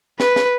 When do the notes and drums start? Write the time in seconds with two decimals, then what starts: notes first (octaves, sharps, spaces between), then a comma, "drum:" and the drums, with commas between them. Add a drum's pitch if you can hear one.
0.20 B4, drum: snare
0.36 drum: snare